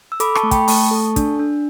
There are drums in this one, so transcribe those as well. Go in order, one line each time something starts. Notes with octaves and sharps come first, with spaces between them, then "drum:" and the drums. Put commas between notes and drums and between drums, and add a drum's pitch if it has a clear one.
E6
A4 B5 D6, drum: hi-hat
A5 C#6, drum: rim click
A3
G5 B5, drum: kick, hi-hat
A3 A5 C#6, drum: open hi-hat
A4
D4, drum: kick, hi-hat
D4